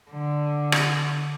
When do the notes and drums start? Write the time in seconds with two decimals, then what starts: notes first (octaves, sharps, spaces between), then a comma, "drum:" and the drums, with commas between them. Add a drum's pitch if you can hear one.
0.11 D3
0.72 drum: rim click